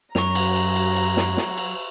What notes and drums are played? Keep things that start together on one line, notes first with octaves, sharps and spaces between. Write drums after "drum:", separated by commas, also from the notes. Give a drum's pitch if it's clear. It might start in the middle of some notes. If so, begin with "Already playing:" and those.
F#2 F#3 A#5 C#6 F7, drum: snare
drum: cymbal
drum: cymbal
drum: cymbal
drum: cymbal
drum: snare
drum: snare
drum: cymbal